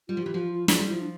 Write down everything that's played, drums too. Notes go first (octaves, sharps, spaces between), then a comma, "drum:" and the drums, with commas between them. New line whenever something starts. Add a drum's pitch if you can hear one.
G3 F4
F3
E3 G4
F3 F4
F4
F3 E4, drum: snare
G3
F3 E4
D4